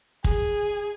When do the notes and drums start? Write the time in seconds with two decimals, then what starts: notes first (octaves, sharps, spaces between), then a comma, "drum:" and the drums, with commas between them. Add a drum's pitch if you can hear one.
0.24 G#4, drum: kick